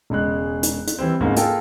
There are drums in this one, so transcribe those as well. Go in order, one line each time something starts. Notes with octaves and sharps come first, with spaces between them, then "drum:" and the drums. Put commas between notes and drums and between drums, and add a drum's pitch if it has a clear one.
E1 C#3 G#3 F#6
drum: hi-hat
drum: hi-hat
E3 G3 C4
F2 G#2 C#3 A#3
A#3 F4 G#4 A4 G5, drum: hi-hat